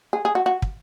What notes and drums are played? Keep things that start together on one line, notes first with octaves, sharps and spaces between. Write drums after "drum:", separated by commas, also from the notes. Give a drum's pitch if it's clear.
G#4
G#4
F#4
F#4
drum: kick